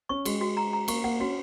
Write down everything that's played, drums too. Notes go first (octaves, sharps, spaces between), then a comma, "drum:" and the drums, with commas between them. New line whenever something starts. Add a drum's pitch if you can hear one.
C#4 C#6
G#3 F#4, drum: cymbal
F#4
A#5
A#5
A#3 C#6, drum: cymbal
A#3 F#5
C#4 F#4